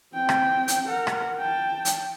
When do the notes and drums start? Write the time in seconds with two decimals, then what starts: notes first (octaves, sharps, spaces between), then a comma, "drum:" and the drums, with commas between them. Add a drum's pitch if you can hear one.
0.13 C4 G5
0.29 drum: rim click
0.68 drum: hi-hat
0.87 A#4 F#5
1.07 drum: rim click
1.38 G5 A5
1.85 drum: hi-hat